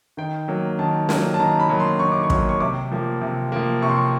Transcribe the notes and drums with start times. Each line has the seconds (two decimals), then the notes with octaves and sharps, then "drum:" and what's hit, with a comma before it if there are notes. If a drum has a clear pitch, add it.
0.17 D#3 G5
0.48 F#3 A#3
0.79 D#3 A5
1.09 F#3 A#3, drum: snare
1.34 A5
1.40 D#3 A#5
1.60 B5
1.69 F#3 A#3
1.80 C6
1.99 D#3 C#6
2.12 D6
2.23 C#6
2.30 F#3 A#3, drum: kick
2.49 C#6
2.60 C3 D6
2.91 F3 A#3
3.21 C3
3.52 F3 A#3
3.82 C3 C#6
3.89 C6
3.96 C#6